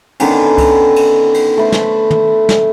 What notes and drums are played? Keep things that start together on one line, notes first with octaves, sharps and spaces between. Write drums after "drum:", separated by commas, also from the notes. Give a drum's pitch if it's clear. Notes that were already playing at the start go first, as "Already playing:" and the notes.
D3 D#3 B3 C#4, drum: cymbal
drum: kick C2, cymbal
drum: cymbal
drum: cymbal
A3 B4 C5
drum: snare
drum: tom
drum: snare